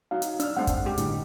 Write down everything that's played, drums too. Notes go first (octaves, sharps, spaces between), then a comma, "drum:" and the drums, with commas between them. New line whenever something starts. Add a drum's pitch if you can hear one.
F#3 D#4 F#4 F5
drum: hi-hat
D4 E6 F6, drum: hi-hat
G3 A3 C4 D4 F#5
drum: kick, hi-hat
G#3 G4
A2 D3 G3 D#4, drum: hi-hat